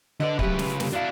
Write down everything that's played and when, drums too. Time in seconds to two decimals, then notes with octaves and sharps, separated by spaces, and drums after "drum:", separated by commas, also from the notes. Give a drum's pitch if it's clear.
0.20 D3 B4 D5 D#5
0.39 C#3 F#3 G4 B4 E5, drum: kick
0.59 drum: snare
0.80 D3 G3 A#3, drum: snare
0.93 D4 E4 F#4 F5